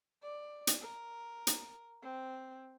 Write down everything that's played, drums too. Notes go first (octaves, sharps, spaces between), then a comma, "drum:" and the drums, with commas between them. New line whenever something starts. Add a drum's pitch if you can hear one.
D5
drum: hi-hat
A#4
drum: hi-hat
C4